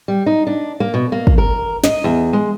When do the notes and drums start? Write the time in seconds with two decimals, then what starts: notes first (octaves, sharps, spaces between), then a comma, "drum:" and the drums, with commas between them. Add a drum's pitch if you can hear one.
0.08 G3
0.26 D#4
0.47 D4
0.80 A#3
0.94 B2
1.12 A#3
1.27 drum: kick
1.38 A#4
1.84 D#5, drum: snare
2.04 E2
2.33 G#3